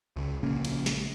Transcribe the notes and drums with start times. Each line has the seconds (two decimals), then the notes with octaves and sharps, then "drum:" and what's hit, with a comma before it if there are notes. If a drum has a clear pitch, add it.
0.16 C#2
0.43 A#1 C#3 A#3 C#4
0.65 drum: cymbal
0.86 drum: snare